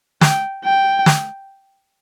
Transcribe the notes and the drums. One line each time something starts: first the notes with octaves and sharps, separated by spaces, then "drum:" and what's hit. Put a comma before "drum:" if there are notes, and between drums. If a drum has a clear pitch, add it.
G5, drum: snare
G5
drum: snare